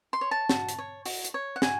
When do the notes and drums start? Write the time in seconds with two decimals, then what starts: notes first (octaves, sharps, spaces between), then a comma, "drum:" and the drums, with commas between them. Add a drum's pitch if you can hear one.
0.13 C6
0.21 C#5
0.31 A5
0.49 F#4, drum: snare
0.69 drum: hi-hat
0.78 C#5
1.05 F#4, drum: open hi-hat
1.25 drum: hi-hat
1.34 C#5
1.56 F#5
1.62 F#4 G#5, drum: snare